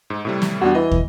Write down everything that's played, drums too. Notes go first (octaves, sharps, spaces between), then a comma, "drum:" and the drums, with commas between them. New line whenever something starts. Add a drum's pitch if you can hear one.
G#2
A2 C3 G3
drum: snare
E2 G3 D4 F#4
E3 D#5
drum: kick